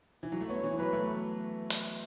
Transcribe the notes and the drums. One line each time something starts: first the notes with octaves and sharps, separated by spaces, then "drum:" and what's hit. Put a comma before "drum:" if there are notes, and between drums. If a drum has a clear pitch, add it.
E3
F#3
A3
B3 C#5
E3
F#3 B4
A3
drum: open hi-hat